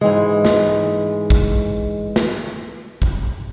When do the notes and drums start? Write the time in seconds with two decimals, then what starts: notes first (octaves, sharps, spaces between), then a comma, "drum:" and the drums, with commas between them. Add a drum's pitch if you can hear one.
0.01 G#2 E3 G#3
0.45 drum: snare
1.30 drum: kick
2.16 drum: snare
3.02 drum: kick